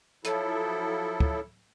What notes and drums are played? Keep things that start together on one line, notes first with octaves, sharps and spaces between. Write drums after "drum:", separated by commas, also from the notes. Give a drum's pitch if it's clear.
F3 F#3 E4 A4, drum: hi-hat
drum: kick